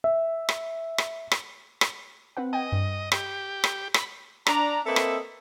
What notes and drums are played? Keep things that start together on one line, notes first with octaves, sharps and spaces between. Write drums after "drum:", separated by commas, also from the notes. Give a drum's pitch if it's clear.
E5
drum: rim click
drum: rim click
drum: rim click
drum: rim click
C4 B4 F#5
D#5 G5 G#5
G2
G4, drum: rim click
drum: rim click
B5, drum: rim click
D4 D5 A#5, drum: rim click
A#3 C4 A4 B4 D#5 E5
drum: rim click